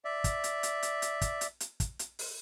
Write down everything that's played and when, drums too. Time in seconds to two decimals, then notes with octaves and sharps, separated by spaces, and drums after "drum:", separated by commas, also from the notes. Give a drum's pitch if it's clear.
0.05 D5 E5
0.24 drum: kick, hi-hat
0.44 drum: hi-hat
0.63 drum: hi-hat
0.83 drum: hi-hat
1.02 drum: hi-hat
1.21 drum: kick, hi-hat
1.41 drum: hi-hat
1.60 drum: hi-hat
1.80 drum: kick, hi-hat
1.99 drum: hi-hat
2.19 drum: open hi-hat